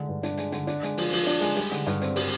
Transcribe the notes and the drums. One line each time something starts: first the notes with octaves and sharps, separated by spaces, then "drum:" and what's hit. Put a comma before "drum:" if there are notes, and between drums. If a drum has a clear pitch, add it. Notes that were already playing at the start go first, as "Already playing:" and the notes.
Already playing: D3 G#3
G2
D4, drum: hi-hat
G#3, drum: hi-hat
D3, drum: hi-hat
D4, drum: hi-hat
G#3, drum: hi-hat
F3, drum: open hi-hat
F3, drum: open hi-hat
D4, drum: hi-hat
G#3, drum: hi-hat
G3, drum: hi-hat
D3, drum: hi-hat
G2, drum: hi-hat
C4, drum: hi-hat
G3, drum: open hi-hat